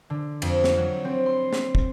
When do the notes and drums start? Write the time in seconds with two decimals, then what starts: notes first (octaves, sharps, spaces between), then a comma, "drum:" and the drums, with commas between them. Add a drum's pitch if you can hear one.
0.10 D3
0.42 F2, drum: cymbal
0.64 drum: snare
0.78 F#3
1.05 C4
1.26 C6
1.53 drum: snare
1.75 drum: kick